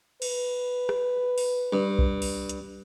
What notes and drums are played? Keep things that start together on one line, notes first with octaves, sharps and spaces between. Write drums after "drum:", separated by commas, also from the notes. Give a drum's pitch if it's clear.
B4, drum: cymbal
drum: rim click
drum: open hi-hat
G2
drum: kick B1
drum: open hi-hat
drum: hi-hat